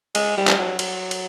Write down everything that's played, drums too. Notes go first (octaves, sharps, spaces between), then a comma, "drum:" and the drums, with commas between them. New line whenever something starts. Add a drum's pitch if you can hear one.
G#3, drum: cymbal
G3
drum: clap
F#3
F#3, drum: cymbal
drum: cymbal